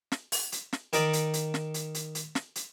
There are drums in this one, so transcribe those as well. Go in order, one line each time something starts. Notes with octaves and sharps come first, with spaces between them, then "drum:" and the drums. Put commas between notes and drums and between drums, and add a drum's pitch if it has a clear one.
drum: snare
drum: open hi-hat
drum: hi-hat
drum: snare
D#3 D#4 D5, drum: hi-hat
drum: hi-hat
drum: hi-hat
drum: snare
drum: hi-hat
drum: hi-hat
drum: hi-hat
drum: snare
drum: hi-hat